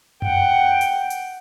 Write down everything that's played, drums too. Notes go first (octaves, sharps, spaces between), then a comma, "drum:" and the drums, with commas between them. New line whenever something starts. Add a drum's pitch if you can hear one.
F#5 G5, drum: tom F#2
drum: hi-hat
drum: hi-hat